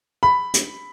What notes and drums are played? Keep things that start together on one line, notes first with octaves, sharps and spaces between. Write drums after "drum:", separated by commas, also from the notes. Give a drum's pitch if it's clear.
B5
drum: hi-hat